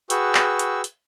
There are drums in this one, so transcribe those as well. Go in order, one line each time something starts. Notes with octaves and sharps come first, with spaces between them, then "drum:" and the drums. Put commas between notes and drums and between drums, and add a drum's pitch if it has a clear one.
F#4 G#4 B4 G5 C#6 E6, drum: hi-hat
drum: clap
drum: hi-hat
drum: hi-hat